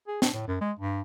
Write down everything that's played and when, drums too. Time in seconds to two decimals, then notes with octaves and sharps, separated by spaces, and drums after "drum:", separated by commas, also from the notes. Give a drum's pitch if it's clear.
0.08 G#4
0.22 D4, drum: snare
0.34 A2
0.47 F#2
0.61 G#3
0.79 G2